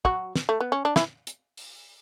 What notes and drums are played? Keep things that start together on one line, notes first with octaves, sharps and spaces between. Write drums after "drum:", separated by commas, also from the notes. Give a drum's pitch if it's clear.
F#3 F#4, drum: kick
drum: snare
A3
B3
C#4
D4
E3 E4, drum: snare
drum: hi-hat
drum: open hi-hat